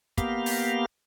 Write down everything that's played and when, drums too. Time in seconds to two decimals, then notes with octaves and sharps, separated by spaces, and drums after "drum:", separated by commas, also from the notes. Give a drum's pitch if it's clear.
0.18 A#3 B3 G4 F5, drum: kick, hi-hat
0.46 drum: open hi-hat